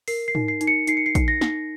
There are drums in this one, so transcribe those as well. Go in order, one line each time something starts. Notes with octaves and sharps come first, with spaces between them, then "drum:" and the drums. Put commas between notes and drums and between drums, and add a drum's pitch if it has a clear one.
A#4 C7, drum: open hi-hat
C7
D#4, drum: tom
C7
D#4, drum: hi-hat
C#7
D#4 C7, drum: hi-hat
C#7
C7
D#4, drum: kick A#1, hi-hat
A#6
D#4, drum: snare